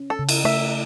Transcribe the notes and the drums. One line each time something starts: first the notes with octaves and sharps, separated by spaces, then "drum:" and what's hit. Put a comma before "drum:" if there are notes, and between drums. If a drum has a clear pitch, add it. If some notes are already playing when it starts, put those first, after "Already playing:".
Already playing: C#4
A4
C#3
drum: cymbal
A3 E5